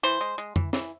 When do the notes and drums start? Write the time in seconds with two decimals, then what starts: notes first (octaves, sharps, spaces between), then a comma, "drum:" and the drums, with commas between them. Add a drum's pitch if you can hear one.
0.03 E3 C5
0.21 G#3
0.38 G#3
0.56 E3, drum: tom F2
0.73 E3, drum: snare